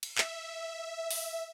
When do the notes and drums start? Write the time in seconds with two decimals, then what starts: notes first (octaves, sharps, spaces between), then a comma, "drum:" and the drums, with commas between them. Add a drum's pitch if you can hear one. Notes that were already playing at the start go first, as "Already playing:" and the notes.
0.03 drum: cymbal
0.18 E5, drum: clap
1.11 drum: open hi-hat